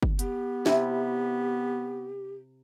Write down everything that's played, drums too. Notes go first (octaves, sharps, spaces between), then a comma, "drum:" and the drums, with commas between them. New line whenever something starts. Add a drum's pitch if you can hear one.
drum: kick G1
B3 G4, drum: hi-hat
C3 E4, drum: snare